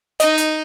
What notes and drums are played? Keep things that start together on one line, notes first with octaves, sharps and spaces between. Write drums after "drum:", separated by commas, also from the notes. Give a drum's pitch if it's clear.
D#4 D#5, drum: hi-hat
drum: hi-hat